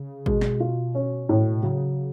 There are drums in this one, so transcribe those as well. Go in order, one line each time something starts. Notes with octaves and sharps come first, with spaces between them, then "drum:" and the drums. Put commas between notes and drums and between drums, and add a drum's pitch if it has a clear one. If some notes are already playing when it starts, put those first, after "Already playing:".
Already playing: C#3
B2 G#3, drum: kick G#1
drum: snare
F4
C#4
A2
C#3 F#3